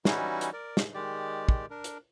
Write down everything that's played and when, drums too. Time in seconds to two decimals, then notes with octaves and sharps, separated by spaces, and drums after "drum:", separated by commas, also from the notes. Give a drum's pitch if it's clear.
0.05 E3 G3 C#4 D#4 E4 F#4, drum: snare
0.41 drum: hi-hat
0.53 A#4 D5
0.77 drum: snare
0.94 D#3 G#3 G4 D5
1.49 drum: kick
1.70 D4 A#4
1.84 drum: hi-hat